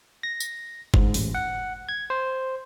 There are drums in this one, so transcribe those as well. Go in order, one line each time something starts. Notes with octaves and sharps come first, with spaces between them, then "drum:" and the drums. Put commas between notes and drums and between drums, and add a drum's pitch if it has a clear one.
A#6
drum: tambourine
G#2, drum: kick
A1, drum: open hi-hat
F#5
G#6
C5